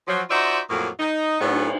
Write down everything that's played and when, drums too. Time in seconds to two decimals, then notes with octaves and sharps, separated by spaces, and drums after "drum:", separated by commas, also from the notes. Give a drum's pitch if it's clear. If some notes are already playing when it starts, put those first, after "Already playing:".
0.08 F3 F#3
0.30 D#4 F4 F#4 C5 D5 E5
0.70 F2 A2 F#3 A#3
0.99 D#4
1.41 A2 F#3 B3, drum: cymbal